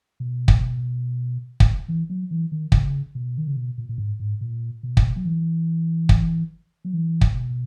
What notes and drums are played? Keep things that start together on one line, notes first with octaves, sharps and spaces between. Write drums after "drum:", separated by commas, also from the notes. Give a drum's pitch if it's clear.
B2
drum: kick
drum: kick
E3
F#3
E3
D#3
C#3, drum: kick
B2
D#3
C#3
B2
A#2
A#2
G#2
G#2
A#2
B2
drum: kick
F#3
E3
drum: kick
F#3
E3
drum: kick
B2